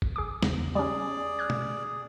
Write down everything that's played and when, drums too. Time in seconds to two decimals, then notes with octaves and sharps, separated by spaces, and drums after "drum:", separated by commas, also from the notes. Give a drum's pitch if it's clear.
0.02 drum: kick
0.16 G#4 D6
0.43 E2 C#3, drum: snare
0.75 G3 C#4 G#4 D5
1.39 F6 F#6 G#6
1.50 drum: tom